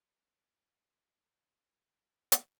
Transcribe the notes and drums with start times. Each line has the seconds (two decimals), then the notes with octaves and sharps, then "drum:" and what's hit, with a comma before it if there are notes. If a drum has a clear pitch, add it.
0.11 F4 A4 C#5 D5 F5
2.32 drum: hi-hat